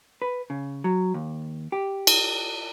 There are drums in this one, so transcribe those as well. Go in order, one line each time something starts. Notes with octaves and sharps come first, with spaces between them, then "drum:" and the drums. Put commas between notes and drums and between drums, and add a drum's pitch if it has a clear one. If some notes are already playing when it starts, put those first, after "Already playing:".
B4
C#3
F#3
D#2
G4
drum: cymbal